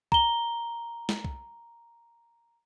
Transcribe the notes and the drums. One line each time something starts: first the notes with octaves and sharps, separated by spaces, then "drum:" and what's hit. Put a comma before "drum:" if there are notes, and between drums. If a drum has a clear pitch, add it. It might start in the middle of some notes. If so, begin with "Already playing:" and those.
A#5 G7, drum: kick
drum: snare
drum: kick